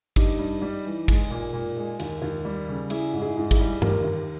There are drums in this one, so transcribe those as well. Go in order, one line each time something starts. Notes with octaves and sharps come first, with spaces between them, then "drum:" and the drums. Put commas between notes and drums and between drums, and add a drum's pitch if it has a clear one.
G2 D#4 G4, drum: kick, cymbal
G2
G3
E3
G#3, drum: kick, cymbal
A#2
A#2
G#3
D#2, drum: cymbal
D#2
G3
C#3
G3 E4 G#4, drum: cymbal
G#2
E4 G#4
G#2
E4 G#4, drum: kick, cymbal
G3
D#2 G4 A#4, drum: tom G2
D#2